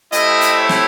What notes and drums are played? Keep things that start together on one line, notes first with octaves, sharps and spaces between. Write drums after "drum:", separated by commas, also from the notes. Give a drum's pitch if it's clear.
A3 C4 E4 G4 D#5, drum: hi-hat
drum: hi-hat
C#5
drum: snare